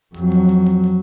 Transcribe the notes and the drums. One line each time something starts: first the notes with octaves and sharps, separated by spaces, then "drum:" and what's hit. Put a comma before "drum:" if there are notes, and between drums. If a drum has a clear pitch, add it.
F2 F#3, drum: hi-hat
drum: hi-hat
drum: hi-hat
drum: hi-hat
drum: hi-hat